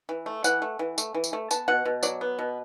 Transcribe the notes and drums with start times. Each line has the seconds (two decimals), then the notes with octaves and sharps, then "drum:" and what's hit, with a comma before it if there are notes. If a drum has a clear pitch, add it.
0.09 E3
0.26 A3
0.44 E3 F#5, drum: tambourine
0.62 A3
0.79 E3
0.98 A3, drum: tambourine
1.14 E3
1.24 drum: tambourine
1.33 A3
1.51 B3 A5, drum: tambourine
1.68 B2 F#5
1.86 B2
2.03 F#3 D5, drum: tambourine
2.21 B3
2.39 B2